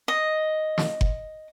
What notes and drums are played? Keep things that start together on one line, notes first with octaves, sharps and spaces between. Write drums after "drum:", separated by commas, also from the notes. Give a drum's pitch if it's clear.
D#5
drum: snare
drum: kick F#1